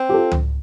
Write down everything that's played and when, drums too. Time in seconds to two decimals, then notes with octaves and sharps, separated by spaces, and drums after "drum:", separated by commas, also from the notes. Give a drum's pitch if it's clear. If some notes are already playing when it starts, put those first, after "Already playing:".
Already playing: C4
0.09 G4
0.13 F4 A4
0.32 drum: tom C#2